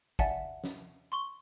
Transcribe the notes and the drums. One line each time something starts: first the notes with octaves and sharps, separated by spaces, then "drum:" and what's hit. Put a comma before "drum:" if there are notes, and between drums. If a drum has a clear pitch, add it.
D5 E5 F#5 G#5 A5, drum: kick, hi-hat
drum: snare
C6 C#6 G7